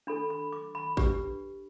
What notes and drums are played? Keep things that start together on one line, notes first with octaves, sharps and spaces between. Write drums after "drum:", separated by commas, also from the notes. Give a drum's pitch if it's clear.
D4 A4 B5
B5
D6
B5
D4 G4 B4, drum: kick A1